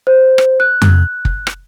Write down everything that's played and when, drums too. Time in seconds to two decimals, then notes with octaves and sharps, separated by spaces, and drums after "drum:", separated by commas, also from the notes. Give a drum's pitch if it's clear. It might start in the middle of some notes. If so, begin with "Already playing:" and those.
0.07 C5
0.38 drum: rim click
0.60 F#6
0.82 drum: tom F2
1.25 drum: kick
1.47 drum: rim click